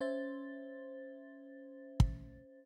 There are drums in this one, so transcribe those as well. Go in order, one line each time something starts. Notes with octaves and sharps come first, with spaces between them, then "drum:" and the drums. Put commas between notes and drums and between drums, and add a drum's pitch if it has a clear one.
C#4 C5 E5 A6
drum: kick